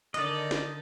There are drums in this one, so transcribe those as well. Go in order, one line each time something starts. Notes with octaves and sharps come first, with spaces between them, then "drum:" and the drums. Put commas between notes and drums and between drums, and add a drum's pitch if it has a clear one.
D3 D#3 A4 D5 D#5, drum: hi-hat
drum: snare